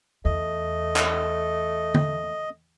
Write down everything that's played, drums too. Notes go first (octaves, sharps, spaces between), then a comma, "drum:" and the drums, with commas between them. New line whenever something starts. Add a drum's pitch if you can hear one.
E2 A3 D#5
drum: clap
drum: tom